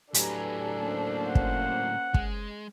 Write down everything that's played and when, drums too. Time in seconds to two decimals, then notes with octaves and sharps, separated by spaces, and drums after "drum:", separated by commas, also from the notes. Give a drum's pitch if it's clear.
0.14 A2 F#3 D4 G4 A4 B4 G#5 A#5, drum: hi-hat
0.80 A#3 C#4 C5
1.25 F#5
1.35 drum: kick
2.14 G#3, drum: kick